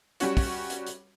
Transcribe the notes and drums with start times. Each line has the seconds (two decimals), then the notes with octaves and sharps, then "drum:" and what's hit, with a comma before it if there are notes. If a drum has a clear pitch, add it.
0.20 G3 C#4 F#4 C#5, drum: hi-hat
0.37 drum: kick, open hi-hat
0.70 drum: hi-hat
0.86 drum: hi-hat